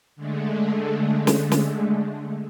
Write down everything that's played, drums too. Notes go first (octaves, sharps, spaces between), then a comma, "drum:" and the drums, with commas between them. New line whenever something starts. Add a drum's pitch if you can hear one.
D3 G#3 A3
drum: snare
drum: snare